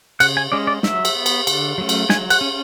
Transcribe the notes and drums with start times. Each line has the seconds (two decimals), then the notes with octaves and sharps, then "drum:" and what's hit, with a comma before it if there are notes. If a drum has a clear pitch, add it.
0.20 C#3 F#5, drum: cymbal
0.37 G#5
0.52 G#3 C#4 D5
0.67 D5
0.83 F#3 E5, drum: snare
1.05 drum: cymbal
1.15 B3
1.26 drum: cymbal
1.47 D3, drum: cymbal
1.78 F#3 A3 C#4
1.89 drum: cymbal
2.09 F#3 G#5, drum: snare
2.30 F#5, drum: cymbal
2.41 C#4